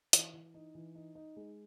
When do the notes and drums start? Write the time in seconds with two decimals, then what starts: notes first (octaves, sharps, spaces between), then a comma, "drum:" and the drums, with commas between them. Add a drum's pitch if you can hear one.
0.13 E3, drum: hi-hat
0.33 E3
0.54 D#4
0.75 E3
0.95 D#4
1.15 D#4
1.36 G#3